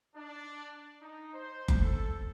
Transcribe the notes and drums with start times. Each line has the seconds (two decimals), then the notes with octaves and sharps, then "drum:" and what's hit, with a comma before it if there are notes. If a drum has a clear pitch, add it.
0.15 D4
1.01 D#4
1.33 C5
1.68 drum: kick F#1
1.80 A4